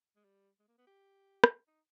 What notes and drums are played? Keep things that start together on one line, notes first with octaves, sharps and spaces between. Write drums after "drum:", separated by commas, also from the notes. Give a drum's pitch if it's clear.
G#3
G3
G#3
A#3
B3
G4
drum: rim click
D#4